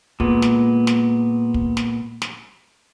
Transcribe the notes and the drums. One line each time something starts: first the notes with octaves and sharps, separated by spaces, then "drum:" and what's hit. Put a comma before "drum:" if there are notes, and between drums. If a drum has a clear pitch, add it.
A#2 G#3 B3, drum: kick
drum: snare
drum: snare
drum: kick
drum: snare
drum: snare